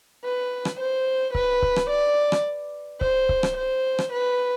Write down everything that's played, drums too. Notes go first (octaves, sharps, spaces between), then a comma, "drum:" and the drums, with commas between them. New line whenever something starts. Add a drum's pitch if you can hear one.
B4
drum: rim click
C5
B4, drum: kick C#1
drum: kick C#1
drum: rim click
D5
drum: rim click
C5, drum: kick C#1
drum: kick C#1
drum: rim click
C5
drum: rim click
B4